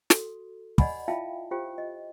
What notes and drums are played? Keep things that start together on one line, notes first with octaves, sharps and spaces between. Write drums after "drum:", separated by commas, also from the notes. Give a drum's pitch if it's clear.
F#4 A4, drum: snare
D5 D#5 F#5 G#5 B5, drum: kick
E4 F4 E5 F5 G5 A5
F4 G4 C5 G5
D#5